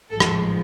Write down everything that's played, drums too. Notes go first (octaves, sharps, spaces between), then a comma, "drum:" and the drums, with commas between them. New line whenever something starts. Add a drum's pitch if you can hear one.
A1 G#2 F3 G#3 A4
drum: rim click